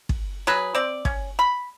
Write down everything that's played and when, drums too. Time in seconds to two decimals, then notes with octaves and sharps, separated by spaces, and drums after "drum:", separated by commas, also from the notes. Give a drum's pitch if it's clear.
0.09 drum: kick
0.47 F#3 G#4 B4
0.75 C4 D5
1.05 C#4, drum: kick
1.39 B5